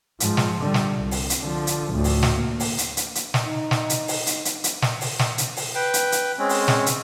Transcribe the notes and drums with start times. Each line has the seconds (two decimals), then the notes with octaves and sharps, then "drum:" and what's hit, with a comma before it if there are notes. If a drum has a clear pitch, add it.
0.20 G#2 F3, drum: hi-hat
0.37 drum: snare
0.62 D3 G3
0.74 drum: snare
0.97 C2
1.11 drum: open hi-hat
1.30 drum: hi-hat
1.42 D3 F3
1.67 drum: hi-hat
1.93 D2 A2
2.04 drum: open hi-hat
2.23 drum: snare
2.34 A#3
2.60 drum: open hi-hat
2.78 drum: hi-hat
2.97 drum: hi-hat
3.15 drum: hi-hat
3.34 drum: snare
3.46 D#4
3.71 drum: snare
3.90 drum: hi-hat
4.08 drum: open hi-hat
4.27 drum: hi-hat
4.45 drum: hi-hat
4.64 drum: hi-hat
4.82 drum: snare
5.01 drum: open hi-hat
5.19 drum: snare
5.38 drum: hi-hat
5.56 drum: open hi-hat
5.75 B4 G5
5.94 drum: hi-hat
6.12 drum: hi-hat
6.39 G#3 C4 C#4
6.49 drum: open hi-hat
6.68 drum: snare
6.86 drum: hi-hat